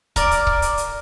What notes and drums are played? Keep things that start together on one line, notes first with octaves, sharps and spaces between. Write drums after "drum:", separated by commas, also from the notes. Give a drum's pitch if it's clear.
A#4 D5, drum: kick C#1, hi-hat
drum: hi-hat
drum: kick C#1
drum: hi-hat
drum: hi-hat